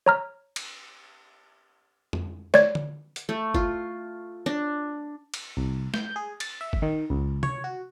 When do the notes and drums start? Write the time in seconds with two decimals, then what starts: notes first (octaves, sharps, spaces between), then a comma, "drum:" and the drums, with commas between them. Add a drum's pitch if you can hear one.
0.06 C#5 A#5 F6
0.56 drum: cymbal
2.13 drum: tom F2
2.54 C#5 D5 G#6, drum: snare
2.75 drum: tom D3
3.16 drum: hi-hat
3.29 A3
3.54 F4, drum: kick G1
4.46 D4
5.34 drum: cymbal
5.57 C2
5.94 G6, drum: snare
6.16 G#4
6.40 A6, drum: cymbal
6.61 E5
6.73 drum: kick G1
6.82 D#3
7.10 C#2
7.43 C#5, drum: tom C3
7.64 F#4